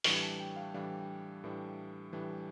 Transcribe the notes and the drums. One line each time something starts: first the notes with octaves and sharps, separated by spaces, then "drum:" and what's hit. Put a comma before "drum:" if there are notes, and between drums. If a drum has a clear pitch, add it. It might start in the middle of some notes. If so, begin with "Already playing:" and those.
A2 E3 G3 D4 C#6, drum: open hi-hat
A5
G5
F5
A2 E3 G3 D4 F5
A2 E3 G3 D4
A2 E3 G3 D4